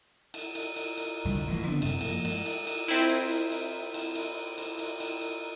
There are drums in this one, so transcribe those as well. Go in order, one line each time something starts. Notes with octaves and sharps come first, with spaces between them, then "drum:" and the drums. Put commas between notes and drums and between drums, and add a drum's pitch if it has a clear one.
drum: cymbal
drum: cymbal
drum: cymbal
drum: cymbal
C2 G2 D3 G3
A1 E3 F3
D3 B3 C4 D4
F#2 C3, drum: cymbal
G2 F3 A#3, drum: cymbal
G#3, drum: cymbal
drum: cymbal
drum: cymbal
C4 E4, drum: cymbal
drum: cymbal
drum: cymbal
drum: cymbal
drum: cymbal
drum: cymbal
drum: cymbal
drum: cymbal
drum: cymbal
drum: cymbal